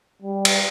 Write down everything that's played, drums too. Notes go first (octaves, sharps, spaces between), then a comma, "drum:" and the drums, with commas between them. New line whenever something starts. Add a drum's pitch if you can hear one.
G3
drum: cymbal